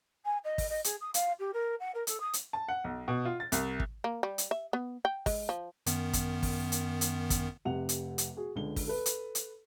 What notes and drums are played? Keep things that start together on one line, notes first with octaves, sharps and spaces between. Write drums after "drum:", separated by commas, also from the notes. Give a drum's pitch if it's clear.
G#5
D#5
drum: kick, open hi-hat
D#5
G#4, drum: hi-hat
D#6
F5, drum: hi-hat
G4
A#4
F#5
A#4
A4, drum: hi-hat
D#6
drum: hi-hat
A5
F#5
B1
B2
F4
A6
C2, drum: hi-hat
drum: kick
A#3
G3
drum: hi-hat
E5
B3
G5
G#3, drum: kick, open hi-hat
F3
F#2 D#3 B3, drum: hi-hat
drum: kick, hi-hat
drum: kick, open hi-hat
drum: hi-hat
drum: hi-hat
drum: kick, hi-hat
F1 C3 F#5 F7
drum: hi-hat
drum: hi-hat
F#4 G#4
C#2 D3 G7
drum: kick, open hi-hat
A4 B4
drum: hi-hat
drum: hi-hat